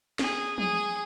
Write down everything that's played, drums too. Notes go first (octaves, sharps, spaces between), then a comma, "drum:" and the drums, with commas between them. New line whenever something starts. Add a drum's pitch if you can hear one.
G#4, drum: snare
G#4, drum: tom